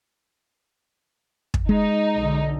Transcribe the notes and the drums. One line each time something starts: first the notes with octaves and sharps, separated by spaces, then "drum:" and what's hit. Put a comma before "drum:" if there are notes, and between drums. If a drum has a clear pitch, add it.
drum: kick
G#3 D#4
B1 D3